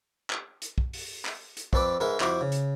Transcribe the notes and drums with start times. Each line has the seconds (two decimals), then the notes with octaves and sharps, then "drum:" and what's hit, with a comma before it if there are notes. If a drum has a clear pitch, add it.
0.30 drum: clap
0.62 drum: hi-hat
0.78 drum: kick
0.93 drum: open hi-hat
1.25 drum: clap
1.57 drum: hi-hat
1.73 F2 C4 A4 B4 D5, drum: kick
2.00 G#2 G#3 A#4 B4 E5
2.20 F2 E4 F#4 C5 D6, drum: clap
2.41 C#3
2.52 drum: hi-hat